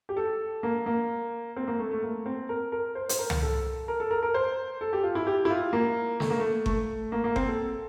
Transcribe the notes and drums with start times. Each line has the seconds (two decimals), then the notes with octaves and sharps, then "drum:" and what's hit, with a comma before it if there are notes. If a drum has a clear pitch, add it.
0.09 G4
0.17 A4
0.63 A#3
0.86 A#3
1.56 C4
1.68 A#3
1.79 A3
1.91 A3
2.02 A#3
2.26 C4
2.49 A#4
2.72 A#4
2.95 C5
3.09 C5, drum: hi-hat
3.19 A#4
3.30 drum: tom
3.42 A4
3.88 A#4
4.00 A4
4.11 A#4
4.23 A#4
4.34 C5
4.81 A4
4.93 G4
5.03 F4
5.15 E4
5.27 G4
5.45 E4
5.50 F4
5.73 A#3
6.20 A3, drum: snare
6.30 A#3
6.39 A3
6.66 A3, drum: kick G1
7.12 A#3
7.24 A#3
7.36 C4, drum: kick G1
7.48 A4